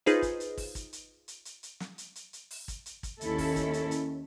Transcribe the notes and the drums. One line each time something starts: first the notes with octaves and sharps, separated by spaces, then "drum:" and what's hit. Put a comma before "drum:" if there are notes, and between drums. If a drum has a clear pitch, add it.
D#4 F4 G#4 B4 C5, drum: hi-hat
drum: kick, hi-hat
drum: hi-hat
drum: kick, open hi-hat
drum: kick, hi-hat
drum: hi-hat
drum: hi-hat
drum: hi-hat
drum: hi-hat
drum: snare
drum: hi-hat
drum: hi-hat
drum: hi-hat
drum: open hi-hat
drum: kick, hi-hat
drum: hi-hat
drum: kick, hi-hat
D#2 D#3 C#4 E4 A4, drum: hi-hat
drum: kick, open hi-hat
drum: kick, hi-hat
drum: hi-hat
drum: hi-hat